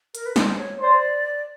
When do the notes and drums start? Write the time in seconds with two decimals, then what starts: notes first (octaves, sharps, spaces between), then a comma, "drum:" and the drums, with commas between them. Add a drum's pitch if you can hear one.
0.15 A#4, drum: hi-hat
0.26 B4
0.36 C5, drum: snare
0.58 C#5
0.81 C5 D5